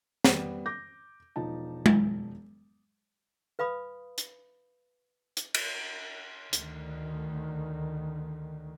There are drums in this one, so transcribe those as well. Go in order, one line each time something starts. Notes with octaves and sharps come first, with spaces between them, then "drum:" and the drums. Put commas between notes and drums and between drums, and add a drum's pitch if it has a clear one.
G3 B3, drum: snare
D6 G6 A#6
E1 F3 D#4 A5
drum: tom G#3
B4 F5 B5 D#6
drum: hi-hat
drum: hi-hat
drum: cymbal
D2 D#3, drum: hi-hat